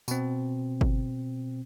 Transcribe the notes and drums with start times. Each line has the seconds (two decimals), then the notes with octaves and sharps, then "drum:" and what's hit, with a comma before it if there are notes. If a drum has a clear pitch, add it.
0.08 B2 C4, drum: tambourine
0.81 drum: kick G1